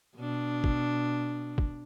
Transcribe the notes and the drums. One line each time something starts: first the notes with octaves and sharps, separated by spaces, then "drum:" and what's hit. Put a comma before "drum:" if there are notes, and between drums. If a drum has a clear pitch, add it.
B2 D4
drum: kick
drum: kick